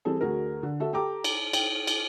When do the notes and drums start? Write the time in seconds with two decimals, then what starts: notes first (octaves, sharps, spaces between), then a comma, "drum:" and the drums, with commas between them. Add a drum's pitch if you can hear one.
0.05 E3 G3 C4 G#4 A4
0.21 D2 D3 F#4 G#4 A#4
0.63 D3
0.80 F#4 A4 E5
0.93 G4 A4 G5 A#5 D6
1.24 drum: cymbal
1.53 G5, drum: cymbal
1.87 drum: cymbal